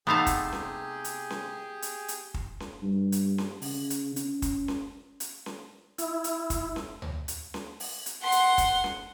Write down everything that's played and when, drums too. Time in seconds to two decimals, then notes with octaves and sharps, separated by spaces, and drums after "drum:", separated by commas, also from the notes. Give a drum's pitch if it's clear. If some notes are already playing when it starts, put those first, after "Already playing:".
0.07 C3 A3 B3 D#4 G4 G#4 F5 A5
0.27 drum: kick, hi-hat
0.53 drum: snare C#4
1.04 drum: hi-hat
1.30 drum: snare C#4
1.82 drum: hi-hat
2.08 drum: hi-hat
2.34 drum: kick
2.60 drum: snare C#4
2.83 G2
3.12 drum: hi-hat
3.38 drum: snare C#4
3.62 C#3, drum: open hi-hat
3.90 drum: hi-hat
4.16 C#4, drum: hi-hat
4.42 drum: kick, hi-hat
4.68 drum: snare C#4
5.20 drum: hi-hat
5.46 drum: snare C#4
5.98 E4, drum: hi-hat
6.24 drum: hi-hat
6.50 drum: kick, hi-hat
6.76 drum: snare C#4
7.02 drum: tom
7.28 drum: hi-hat
7.54 drum: snare C#4
7.80 drum: open hi-hat
8.06 drum: hi-hat
8.23 F#5 C6
8.32 drum: hi-hat
8.58 drum: kick, hi-hat
8.84 drum: snare C#4